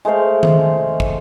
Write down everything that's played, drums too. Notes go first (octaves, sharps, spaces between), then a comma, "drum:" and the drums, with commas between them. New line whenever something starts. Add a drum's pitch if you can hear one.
G#3 A3 C5 F5
drum: tom D#3
drum: kick